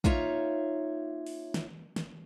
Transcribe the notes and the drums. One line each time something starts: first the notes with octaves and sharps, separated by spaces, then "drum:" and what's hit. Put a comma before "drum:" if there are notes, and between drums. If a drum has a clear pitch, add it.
A#3 D#4 F4 C#5 E5 A#5, drum: kick
drum: open hi-hat
drum: snare
drum: snare